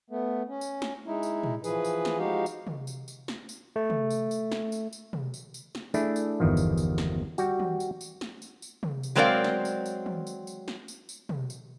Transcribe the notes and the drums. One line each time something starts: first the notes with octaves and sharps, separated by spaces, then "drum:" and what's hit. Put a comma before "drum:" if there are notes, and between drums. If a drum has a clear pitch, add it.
A3 B3
C#4
drum: tambourine
drum: snare
G#3 D#4 E4
drum: tambourine
drum: tom
E3 F3 G#4 B4, drum: tambourine
drum: tambourine
drum: snare
F3 G#3 D#4 F#4 G4 F5
drum: tambourine
drum: tom
drum: tambourine
drum: tambourine
drum: snare
drum: tambourine
A3
drum: tom
drum: tambourine
drum: tambourine
drum: snare
drum: tambourine
drum: tambourine
drum: tom
drum: tambourine
drum: tambourine
drum: snare
A3 D4 E4 G#4, drum: tambourine
drum: tambourine
G1 E2 D#3 F3
drum: tambourine
drum: tambourine
drum: snare
G3 F#4 G5, drum: tambourine
drum: tom
drum: tambourine
drum: tambourine
drum: snare
drum: tambourine
drum: tambourine
drum: tom
drum: tambourine
F#3 G#3 C4 A#4 D5 F5
drum: snare
drum: tambourine
drum: tambourine
drum: tom
drum: tambourine
drum: tambourine
drum: snare
drum: tambourine
drum: tambourine
drum: tom
drum: tambourine